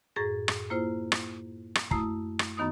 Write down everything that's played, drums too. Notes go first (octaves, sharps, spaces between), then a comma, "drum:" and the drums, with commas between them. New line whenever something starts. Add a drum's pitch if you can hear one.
F#2 A2 G#4 A6 A#6
drum: rim click
A#3 E4 F4 C5
drum: rim click
drum: rim click
F#2 A3 E4 D#6, drum: kick
drum: rim click
F#2 D#3 B3 D#4 D#6